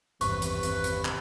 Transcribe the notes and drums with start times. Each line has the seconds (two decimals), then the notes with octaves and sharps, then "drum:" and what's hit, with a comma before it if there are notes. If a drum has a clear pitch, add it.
0.21 G#1 E2 G2 C3 B4 C#6, drum: hi-hat
0.42 drum: hi-hat
0.63 drum: hi-hat
0.84 drum: hi-hat
1.05 drum: clap